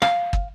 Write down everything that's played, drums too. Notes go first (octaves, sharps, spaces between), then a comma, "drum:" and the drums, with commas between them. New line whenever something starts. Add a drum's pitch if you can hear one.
F5, drum: rim click
drum: kick